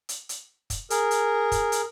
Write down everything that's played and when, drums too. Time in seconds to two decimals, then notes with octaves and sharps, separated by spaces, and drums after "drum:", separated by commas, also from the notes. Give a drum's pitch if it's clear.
0.09 drum: hi-hat
0.29 drum: hi-hat
0.70 drum: kick, hi-hat
0.90 G#4 A#4, drum: hi-hat
1.11 drum: hi-hat
1.52 drum: kick, hi-hat
1.72 drum: hi-hat